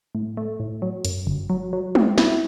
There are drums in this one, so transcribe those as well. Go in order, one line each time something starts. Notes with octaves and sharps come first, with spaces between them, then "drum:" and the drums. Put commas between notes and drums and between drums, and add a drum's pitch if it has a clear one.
A2
A3
A2
F#3
F#2, drum: hi-hat
G1
F#3
F#3
C4, drum: tom G3
E4, drum: snare